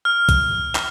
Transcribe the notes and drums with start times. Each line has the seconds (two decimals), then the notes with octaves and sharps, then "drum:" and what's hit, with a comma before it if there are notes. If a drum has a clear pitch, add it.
0.05 F6
0.29 drum: kick, hi-hat
0.75 drum: clap